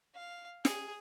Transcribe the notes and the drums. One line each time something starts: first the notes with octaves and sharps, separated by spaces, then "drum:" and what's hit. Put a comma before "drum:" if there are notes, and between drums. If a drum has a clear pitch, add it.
F5
G#4, drum: snare